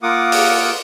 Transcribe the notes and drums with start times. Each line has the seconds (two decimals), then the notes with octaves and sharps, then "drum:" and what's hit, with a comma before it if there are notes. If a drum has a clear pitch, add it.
0.03 A#3 F4 A#4 F#5 D6 D#6
0.32 drum: open hi-hat